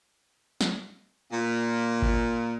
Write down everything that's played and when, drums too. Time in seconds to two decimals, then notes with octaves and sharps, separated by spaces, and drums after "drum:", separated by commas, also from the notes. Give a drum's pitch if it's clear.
0.61 drum: snare
1.31 A#2
2.02 drum: kick G#1